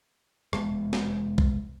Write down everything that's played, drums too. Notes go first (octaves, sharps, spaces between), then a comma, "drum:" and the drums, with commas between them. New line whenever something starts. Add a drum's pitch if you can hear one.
F1 G#3 B3, drum: rim click
drum: snare
drum: kick B1